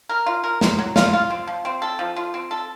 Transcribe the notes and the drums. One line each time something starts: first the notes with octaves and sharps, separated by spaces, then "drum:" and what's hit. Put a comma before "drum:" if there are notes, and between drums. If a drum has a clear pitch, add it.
A#4
F4
A#4
C4, drum: snare
F#3
F4, drum: snare
F4
C4
F3
C4
A4
F3
F4
C4
A4